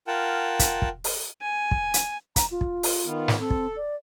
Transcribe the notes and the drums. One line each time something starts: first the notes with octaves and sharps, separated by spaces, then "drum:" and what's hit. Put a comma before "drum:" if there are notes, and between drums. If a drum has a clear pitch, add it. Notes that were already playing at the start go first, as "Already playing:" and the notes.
F4 A#4 F#5 G5 A5
drum: kick, hi-hat
drum: kick
drum: open hi-hat
G#5
drum: kick
drum: hi-hat
A#5, drum: kick, hi-hat
F4
drum: kick
drum: open hi-hat
D#3 B3 F4
drum: snare
C4 A4
drum: kick
D5